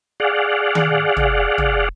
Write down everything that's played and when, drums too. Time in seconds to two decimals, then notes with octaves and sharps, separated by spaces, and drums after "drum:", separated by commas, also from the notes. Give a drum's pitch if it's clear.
0.20 G#4 D5 F5 F#5
0.75 drum: tom D#3
1.17 drum: tom
1.58 drum: tom